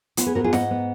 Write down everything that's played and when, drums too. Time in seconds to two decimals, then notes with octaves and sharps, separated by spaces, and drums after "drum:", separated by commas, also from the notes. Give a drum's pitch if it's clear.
0.17 B3 F4, drum: hi-hat
0.26 G#4 B4
0.35 G#2 F#4 A#4
0.44 F4 G#4
0.53 G#2 D#5 F#5, drum: snare
0.71 B3